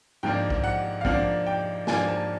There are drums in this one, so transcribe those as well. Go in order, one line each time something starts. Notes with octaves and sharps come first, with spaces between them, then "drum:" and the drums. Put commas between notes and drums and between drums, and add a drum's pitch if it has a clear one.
G#2 F3 A#3 D4 G5
drum: kick A#1
F#5
F5
G#2 F3 A#3 D4 F#5, drum: kick A#1
G5
G#2 F3 A#3 D4 G#5, drum: snare
A5